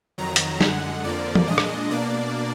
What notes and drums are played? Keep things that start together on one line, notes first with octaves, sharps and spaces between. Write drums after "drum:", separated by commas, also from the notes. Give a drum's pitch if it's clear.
F2 D#3 F#3 A#5
drum: hi-hat
F#2 D3 G#3 F#5, drum: snare
F2 D3 F3 A#3 D5
drum: tom
A#2 G#3 D4 D#5
drum: rim click
B2 A#3 D4 D5